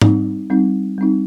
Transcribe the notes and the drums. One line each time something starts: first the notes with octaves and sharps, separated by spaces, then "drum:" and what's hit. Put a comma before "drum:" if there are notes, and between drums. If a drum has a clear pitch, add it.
G3 C4 D#4, drum: tom
G3 C4 D#4
G3 C4 D#4